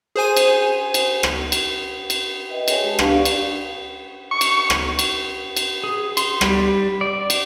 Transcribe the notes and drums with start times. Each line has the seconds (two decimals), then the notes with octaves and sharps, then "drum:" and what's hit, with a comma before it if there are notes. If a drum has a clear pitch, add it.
0.16 G#4 C5 G#5 D#7
0.37 drum: cymbal
0.94 drum: cymbal
1.23 drum: rim click
1.52 drum: cymbal
2.10 drum: cymbal
2.49 B4 D#5 E5 G5
2.68 G#4 A#4 B4 C#5 G5 G#5, drum: cymbal
2.84 G#3 G4 B4 A5
2.99 D4 E4 G4 F5 C#6, drum: rim click
3.13 D5 F#5
3.25 drum: cymbal
4.31 C#6
4.41 drum: cymbal
4.70 drum: rim click
4.99 drum: cymbal
5.57 drum: cymbal
5.84 G#4
6.17 C6, drum: cymbal
6.41 G3, drum: rim click
7.01 D5
7.30 drum: cymbal